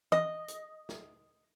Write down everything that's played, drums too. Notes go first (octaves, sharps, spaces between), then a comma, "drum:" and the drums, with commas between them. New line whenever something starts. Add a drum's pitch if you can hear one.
D#5, drum: tom E3
drum: hi-hat
drum: snare